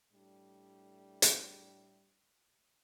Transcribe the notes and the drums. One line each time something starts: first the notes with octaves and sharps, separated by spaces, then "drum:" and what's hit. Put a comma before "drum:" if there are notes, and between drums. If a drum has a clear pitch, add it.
A2 G3 A3 D4
drum: hi-hat